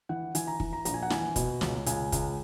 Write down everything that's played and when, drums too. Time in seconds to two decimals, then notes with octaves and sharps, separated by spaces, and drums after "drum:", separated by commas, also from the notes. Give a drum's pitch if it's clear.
0.09 E3 F#5
0.35 E3 G#5, drum: hi-hat
0.47 A#5
0.60 E3, drum: kick
0.73 A#5
0.85 A#1 A#5, drum: hi-hat
0.94 G#5
1.03 F#5
1.10 E3 G#5, drum: snare
1.36 B2, drum: kick, hi-hat
1.61 C#2, drum: snare
1.86 C#2 G#5, drum: hi-hat
2.12 C#2, drum: kick, hi-hat